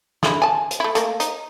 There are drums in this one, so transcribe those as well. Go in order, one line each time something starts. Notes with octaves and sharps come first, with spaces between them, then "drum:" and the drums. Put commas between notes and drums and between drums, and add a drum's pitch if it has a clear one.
D3 G#3 E4, drum: snare
G#5 A5
drum: hi-hat
A3 E4
A3 A#3, drum: hi-hat
D#4, drum: hi-hat